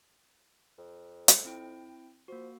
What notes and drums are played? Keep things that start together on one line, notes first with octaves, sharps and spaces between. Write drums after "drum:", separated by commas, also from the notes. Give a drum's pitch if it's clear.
F2
drum: hi-hat
C4 E4 G5
F3 A#3 F#4